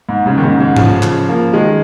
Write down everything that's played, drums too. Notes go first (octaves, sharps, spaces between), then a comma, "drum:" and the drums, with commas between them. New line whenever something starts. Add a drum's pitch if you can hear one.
G#2
G#2 C#3
D#3
G#2 C#3
G#2 C#3
C#3 F3, drum: tom G#2
drum: clap
F3 A#3
D#3 G#3